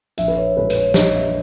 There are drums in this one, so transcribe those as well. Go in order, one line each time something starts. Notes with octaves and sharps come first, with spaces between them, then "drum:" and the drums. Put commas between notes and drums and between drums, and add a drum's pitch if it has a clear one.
A#1 E5, drum: hi-hat
B4
C#5
A#2 G#3 B4
B4, drum: hi-hat
C#5
A#1 D#5, drum: snare
E5